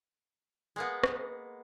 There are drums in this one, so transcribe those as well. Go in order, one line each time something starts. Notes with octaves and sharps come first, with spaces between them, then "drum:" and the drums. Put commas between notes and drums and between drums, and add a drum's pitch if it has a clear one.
G#3 A#3 B3
drum: rim click